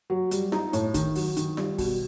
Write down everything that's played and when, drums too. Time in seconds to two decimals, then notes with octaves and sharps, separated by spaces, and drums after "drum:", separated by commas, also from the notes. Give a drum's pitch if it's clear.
0.10 F#3
0.31 G3, drum: hi-hat
0.52 D#4, drum: snare F4
0.73 A2, drum: hi-hat
0.94 D#3, drum: kick, hi-hat
1.15 F#3, drum: open hi-hat
1.37 D#3, drum: hi-hat
1.57 G3, drum: snare F4
1.78 B2, drum: kick, open hi-hat